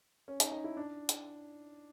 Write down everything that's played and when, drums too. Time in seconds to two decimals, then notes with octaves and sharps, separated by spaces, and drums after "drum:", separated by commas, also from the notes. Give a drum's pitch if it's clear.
0.28 C#4
0.40 D#4, drum: hi-hat
0.52 D#4
0.64 E4
0.77 D4
1.09 drum: hi-hat